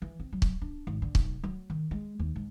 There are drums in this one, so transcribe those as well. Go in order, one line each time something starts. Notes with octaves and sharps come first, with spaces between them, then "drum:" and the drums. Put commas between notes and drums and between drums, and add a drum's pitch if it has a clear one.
E3
C4
F#3
drum: kick
D4
G#1
D3
B1, drum: kick
F#3
D#3
G#3
D#2
G#2